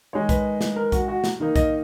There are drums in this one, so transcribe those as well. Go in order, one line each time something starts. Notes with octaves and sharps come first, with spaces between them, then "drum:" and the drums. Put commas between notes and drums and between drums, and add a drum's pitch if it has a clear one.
D#3 G#3 D#4 C#5
B4, drum: kick B1, hi-hat
drum: snare
A#4
F#4, drum: kick B1, hi-hat
F#4
drum: snare
D#3 A#3 D#4
D#5, drum: kick B1, hi-hat